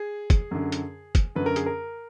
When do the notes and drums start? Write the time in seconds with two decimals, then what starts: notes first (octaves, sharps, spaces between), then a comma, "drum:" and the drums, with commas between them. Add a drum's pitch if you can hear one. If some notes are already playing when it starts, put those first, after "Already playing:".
Already playing: G#4
0.30 drum: kick, hi-hat
0.51 F#2 D3
0.72 drum: hi-hat
1.15 drum: kick, hi-hat
1.35 F#2 D3 B4
1.46 A#4
1.56 G#4, drum: hi-hat
1.66 A#4